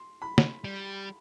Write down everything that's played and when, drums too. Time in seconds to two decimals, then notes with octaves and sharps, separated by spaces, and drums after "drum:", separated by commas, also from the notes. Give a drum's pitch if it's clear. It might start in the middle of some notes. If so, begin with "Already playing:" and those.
Already playing: C6
0.22 B5
0.38 drum: snare
0.64 G3